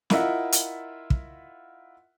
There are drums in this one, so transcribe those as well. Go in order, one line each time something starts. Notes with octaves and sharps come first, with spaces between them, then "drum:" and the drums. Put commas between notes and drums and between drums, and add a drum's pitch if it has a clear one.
E4 F4 A#4 D#5 E5 F#5, drum: snare
drum: hi-hat
drum: kick